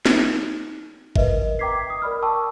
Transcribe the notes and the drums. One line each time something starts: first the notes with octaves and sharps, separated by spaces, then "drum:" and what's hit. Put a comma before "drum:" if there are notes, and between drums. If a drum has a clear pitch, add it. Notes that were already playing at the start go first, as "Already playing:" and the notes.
D#4, drum: snare
A#4 B4 D#5 E5, drum: kick
G5 A#5 D6 G#6 B6 C7
D#6
A#4 D5 B5 F6
G5 A5 C#6 D6 E6